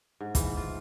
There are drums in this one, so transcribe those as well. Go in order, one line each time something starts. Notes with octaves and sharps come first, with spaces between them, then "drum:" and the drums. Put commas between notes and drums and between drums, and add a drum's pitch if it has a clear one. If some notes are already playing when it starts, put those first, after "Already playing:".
G#2
E3, drum: kick, hi-hat
F4